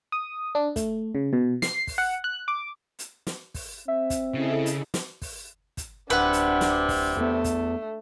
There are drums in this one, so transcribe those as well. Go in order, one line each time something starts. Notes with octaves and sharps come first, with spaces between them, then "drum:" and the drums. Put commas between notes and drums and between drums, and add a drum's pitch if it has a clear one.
D#6
D4
A3, drum: kick, hi-hat
C#3
B2
C7, drum: snare
drum: kick, open hi-hat
F#5
F#6
D6
drum: hi-hat
drum: snare
drum: kick, open hi-hat
C4 E5
drum: kick, hi-hat
C#3 E4 A4 D#5
drum: hi-hat
drum: snare
drum: kick, open hi-hat
drum: kick, hi-hat
D1 C3 D4 B4 F#5
drum: hi-hat
drum: snare
drum: kick, open hi-hat
E2 A3 B3
drum: kick, hi-hat